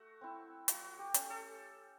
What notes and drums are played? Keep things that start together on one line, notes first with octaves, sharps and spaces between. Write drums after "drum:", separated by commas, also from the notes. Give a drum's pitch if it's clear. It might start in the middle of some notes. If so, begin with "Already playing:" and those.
Already playing: A3 F#4
C4 E4
F3 F#4, drum: hi-hat
G4
A3 C#4, drum: hi-hat
A4